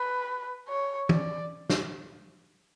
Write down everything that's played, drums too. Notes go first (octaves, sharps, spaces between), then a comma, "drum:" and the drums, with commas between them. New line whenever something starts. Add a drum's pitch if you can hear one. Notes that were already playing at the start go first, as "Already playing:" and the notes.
Already playing: B4
C#5
D5, drum: tom
drum: snare